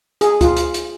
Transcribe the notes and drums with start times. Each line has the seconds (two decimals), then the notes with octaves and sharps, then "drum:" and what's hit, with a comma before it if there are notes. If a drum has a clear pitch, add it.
0.21 G#4, drum: hi-hat
0.41 F4, drum: kick D2, hi-hat
0.57 drum: hi-hat
0.74 drum: hi-hat